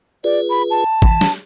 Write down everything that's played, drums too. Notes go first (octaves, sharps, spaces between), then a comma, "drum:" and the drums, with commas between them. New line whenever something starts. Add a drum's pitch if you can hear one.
F4 G#4 B4 D5
B5
A5
E3, drum: kick A1
drum: snare